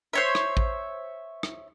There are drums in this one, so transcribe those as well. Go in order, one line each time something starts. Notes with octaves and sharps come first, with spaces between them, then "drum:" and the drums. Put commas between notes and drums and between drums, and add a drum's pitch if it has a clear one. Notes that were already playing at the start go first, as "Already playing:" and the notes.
C5 C#5 E5
drum: rim click
drum: kick A1
drum: rim click